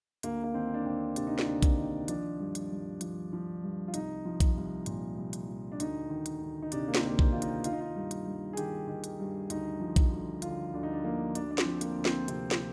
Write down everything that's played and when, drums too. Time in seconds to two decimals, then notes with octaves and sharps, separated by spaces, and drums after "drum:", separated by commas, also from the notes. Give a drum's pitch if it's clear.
0.23 D2 A#3, drum: hi-hat
0.44 A#3
0.54 D#3 C4
0.74 D4
0.85 D2 C4
1.16 C3 D4, drum: hi-hat
1.27 D#4
1.39 D4, drum: snare
1.47 D2
1.62 drum: kick A#1, hi-hat
1.78 D#3
2.08 F3 D4, drum: hi-hat
2.40 G2
2.55 drum: hi-hat
2.71 G2
3.01 F3, drum: hi-hat
3.33 F3
3.63 G2
3.88 F4
3.94 C2 D#4, drum: hi-hat
4.25 F3
4.40 drum: kick A#1, hi-hat
4.56 C2
4.86 A#2, drum: hi-hat
5.17 C2
5.33 drum: hi-hat
5.48 F3
5.72 D4
5.80 D2 D#4, drum: hi-hat
6.10 D#3
6.26 drum: hi-hat
6.41 D2
6.62 D#4
6.72 C3 D4, drum: hi-hat
6.88 A#3
6.95 C4, drum: snare
7.03 D2 A#3
7.19 C4, drum: kick A#1
7.32 D#3 F4
7.42 D#4, drum: hi-hat
7.64 D#3 F4, drum: hi-hat
7.73 D#4
7.80 F4
7.96 G2
8.11 drum: hi-hat
8.26 G2
8.53 G#4
8.57 D#3 G4, drum: hi-hat
8.88 D#3
9.04 drum: hi-hat
9.20 G2
9.50 D2 D#4, drum: hi-hat
9.80 F3
9.96 drum: kick A#1, hi-hat
10.12 D2
10.42 D3 F4, drum: hi-hat
10.73 D2 D4
10.83 D#4
10.93 D4
11.04 F3 A#3
11.35 D2 D4, drum: hi-hat
11.51 D4
11.58 C4, drum: snare
11.66 F3
11.81 A#3, drum: hi-hat
11.97 D2
12.05 C4, drum: snare
12.28 C3 C4, drum: hi-hat
12.51 drum: snare